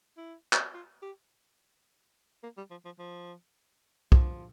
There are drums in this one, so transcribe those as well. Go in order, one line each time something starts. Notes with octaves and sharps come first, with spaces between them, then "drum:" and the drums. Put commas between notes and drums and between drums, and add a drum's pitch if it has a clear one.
E4
drum: clap
F4
G4
A#3
G3
F3
F3
F3
F3, drum: kick